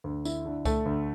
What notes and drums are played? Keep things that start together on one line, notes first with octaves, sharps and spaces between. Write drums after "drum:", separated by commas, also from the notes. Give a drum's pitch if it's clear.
D2
E4, drum: tambourine
D3
A3, drum: kick C2, tambourine
D2